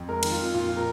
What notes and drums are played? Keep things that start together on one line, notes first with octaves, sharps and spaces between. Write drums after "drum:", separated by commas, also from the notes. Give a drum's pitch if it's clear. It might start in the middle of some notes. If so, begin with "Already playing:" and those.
Already playing: F2
G#3 A#4
D#3, drum: cymbal
F4
F2
A#2 F4
A#2
A#4